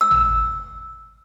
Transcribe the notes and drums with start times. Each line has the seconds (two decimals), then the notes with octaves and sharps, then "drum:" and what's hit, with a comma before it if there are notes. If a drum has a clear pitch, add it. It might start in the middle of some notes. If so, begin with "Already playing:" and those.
0.01 E6
0.11 drum: tom G#1